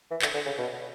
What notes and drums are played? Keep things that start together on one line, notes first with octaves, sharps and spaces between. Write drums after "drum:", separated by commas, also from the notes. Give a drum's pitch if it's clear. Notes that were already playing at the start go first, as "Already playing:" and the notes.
E3
D3, drum: clap
D3
C#3
B2